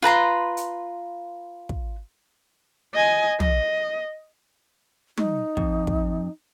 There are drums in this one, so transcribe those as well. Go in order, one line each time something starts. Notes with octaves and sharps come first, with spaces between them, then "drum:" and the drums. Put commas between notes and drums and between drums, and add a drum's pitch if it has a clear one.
F4 B4 A#5 C6
drum: hi-hat
drum: kick
D#5 G#5
D#5, drum: tom
D#4, drum: tom
F2, drum: kick
drum: kick